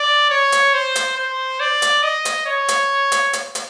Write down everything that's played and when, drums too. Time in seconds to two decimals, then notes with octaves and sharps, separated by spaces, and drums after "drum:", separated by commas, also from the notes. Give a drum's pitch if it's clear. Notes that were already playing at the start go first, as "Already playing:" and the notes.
Already playing: D5
0.30 C#5
0.52 drum: hi-hat
0.74 C5
0.95 drum: hi-hat
1.17 C5
1.60 D5
1.82 drum: hi-hat
2.03 D#5
2.25 drum: hi-hat
2.46 C#5
2.68 drum: hi-hat
3.12 drum: hi-hat
3.33 drum: hi-hat
3.55 drum: hi-hat